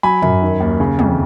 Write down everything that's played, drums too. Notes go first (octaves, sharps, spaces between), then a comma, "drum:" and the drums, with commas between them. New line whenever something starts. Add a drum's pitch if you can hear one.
F#3 G#5 B5
F#2, drum: tom
D#3
D#2
C#3
F2, drum: tom